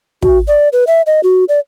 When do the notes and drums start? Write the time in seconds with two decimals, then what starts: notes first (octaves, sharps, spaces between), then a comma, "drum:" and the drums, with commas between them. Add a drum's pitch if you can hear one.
0.22 F#4, drum: kick
0.48 D5
0.73 B4
0.87 E5
1.07 D#5
1.23 F#4
1.49 D5